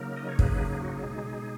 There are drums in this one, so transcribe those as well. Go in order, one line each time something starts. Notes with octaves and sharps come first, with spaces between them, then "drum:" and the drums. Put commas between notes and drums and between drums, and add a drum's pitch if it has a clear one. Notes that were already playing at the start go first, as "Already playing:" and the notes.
Already playing: C#3 F#3 A#3 D#4 A#4
D#5
C#5
G#4 B4, drum: kick
G#4
F#4
G#4
B2 G#3 D#4